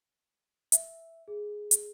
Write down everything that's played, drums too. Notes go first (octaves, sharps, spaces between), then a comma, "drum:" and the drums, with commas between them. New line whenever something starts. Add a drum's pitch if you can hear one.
E5, drum: hi-hat
G#4
drum: hi-hat